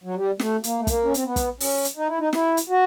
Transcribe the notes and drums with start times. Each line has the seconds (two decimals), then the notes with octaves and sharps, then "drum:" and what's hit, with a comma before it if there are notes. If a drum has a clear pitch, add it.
0.04 F#3
0.14 G3
0.39 A3, drum: snare
0.64 A#3, drum: hi-hat
0.79 A3
0.87 A#3, drum: kick, hi-hat
1.04 C#4
1.14 C4, drum: hi-hat
1.24 B3
1.36 drum: kick, hi-hat
1.60 C#4, drum: open hi-hat
1.84 drum: hi-hat
1.96 D#4
2.08 E4
2.19 D#4
2.33 E4, drum: snare
2.57 drum: hi-hat
2.69 F#4